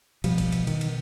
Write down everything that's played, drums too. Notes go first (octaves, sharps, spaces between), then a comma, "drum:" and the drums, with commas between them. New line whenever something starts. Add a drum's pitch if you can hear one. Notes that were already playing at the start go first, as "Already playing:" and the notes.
B2 F3 G3, drum: cymbal
drum: kick F#1, cymbal
drum: cymbal
D#3, drum: cymbal
drum: cymbal